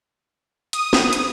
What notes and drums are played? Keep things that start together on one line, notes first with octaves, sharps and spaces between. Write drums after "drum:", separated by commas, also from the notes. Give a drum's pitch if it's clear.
D#6, drum: hi-hat
drum: snare
drum: hi-hat